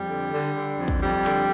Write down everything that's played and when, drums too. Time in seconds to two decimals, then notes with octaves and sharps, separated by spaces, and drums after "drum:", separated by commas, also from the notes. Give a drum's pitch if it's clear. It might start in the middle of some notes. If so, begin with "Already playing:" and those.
Already playing: F2 G3
0.08 D3
0.32 D3
0.55 D3
0.78 F2
0.88 drum: kick
1.02 F2 G3
1.25 D3, drum: clap